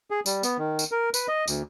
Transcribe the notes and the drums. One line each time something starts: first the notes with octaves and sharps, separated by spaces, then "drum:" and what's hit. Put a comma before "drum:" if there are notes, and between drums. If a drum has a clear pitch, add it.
G#4
G3, drum: tambourine
B3, drum: tambourine
D#3
drum: tambourine
A#4
B4, drum: tambourine
D#5
D2, drum: tambourine